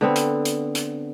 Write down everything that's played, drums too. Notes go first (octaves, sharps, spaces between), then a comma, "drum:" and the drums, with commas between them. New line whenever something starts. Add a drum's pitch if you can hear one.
D3 B3 C4
drum: hi-hat
drum: hi-hat
drum: hi-hat